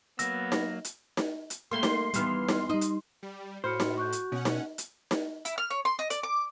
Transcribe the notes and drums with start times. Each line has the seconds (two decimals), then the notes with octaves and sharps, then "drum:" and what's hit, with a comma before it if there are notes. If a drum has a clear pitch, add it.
0.19 F#3 A#3 B3 E6 A#6, drum: hi-hat
0.52 drum: snare D#4
0.85 drum: hi-hat
1.17 drum: snare D#4
1.50 drum: hi-hat
1.71 G3 A3 A#3 C6
1.83 drum: snare D#4
2.14 D#2 E3 G3 B3 F6, drum: hi-hat
2.49 drum: snare D#4
2.70 G3 D#4 D#5
2.81 drum: hi-hat
3.23 G3
3.64 A2 F#4 C5 B5 F6 C#7
3.80 drum: snare D#4
3.98 C#6 F#6 G6
4.12 drum: hi-hat
4.32 B2 C#4 F#5
4.45 drum: snare D#4
4.78 drum: hi-hat
5.11 drum: snare D#4
5.45 E4, drum: hi-hat
5.58 F6
5.71 C#5
5.85 C6
5.99 D#5
6.10 D5, drum: hi-hat
6.23 D6